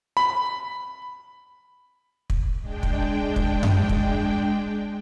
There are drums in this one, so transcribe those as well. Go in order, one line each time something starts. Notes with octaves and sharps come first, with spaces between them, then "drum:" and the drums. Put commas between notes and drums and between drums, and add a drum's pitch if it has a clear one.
B5
drum: kick
G#3 D4 G5
drum: kick
drum: kick
drum: tom F#2
drum: kick